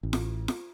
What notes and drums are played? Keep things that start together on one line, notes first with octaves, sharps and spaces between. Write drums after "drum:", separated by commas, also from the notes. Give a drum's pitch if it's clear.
A1
drum: snare F4
drum: snare F4